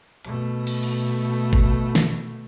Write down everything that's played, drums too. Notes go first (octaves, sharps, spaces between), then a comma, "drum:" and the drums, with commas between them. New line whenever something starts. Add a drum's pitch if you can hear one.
B2 A3, drum: hi-hat
drum: cymbal
drum: cymbal
drum: kick G1
drum: snare